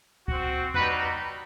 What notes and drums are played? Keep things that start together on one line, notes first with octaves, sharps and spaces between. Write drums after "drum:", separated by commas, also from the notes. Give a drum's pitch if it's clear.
C4 F#4, drum: kick
G3 D#4 F#4 B4, drum: tom E2